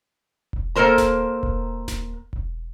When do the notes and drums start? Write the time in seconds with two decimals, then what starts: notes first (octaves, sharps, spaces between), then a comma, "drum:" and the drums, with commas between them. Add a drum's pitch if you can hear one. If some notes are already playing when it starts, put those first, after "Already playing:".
0.53 drum: kick E1
0.76 A#3 A4 A#4 C5 A#5
0.98 drum: snare D#1
1.43 drum: kick E1
1.88 drum: snare D#1
2.33 drum: kick E1